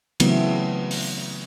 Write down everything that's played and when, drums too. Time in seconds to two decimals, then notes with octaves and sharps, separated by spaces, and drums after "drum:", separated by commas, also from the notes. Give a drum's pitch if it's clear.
0.20 C#3 E3 F#3 A3 B3 C4, drum: cymbal
0.91 drum: open hi-hat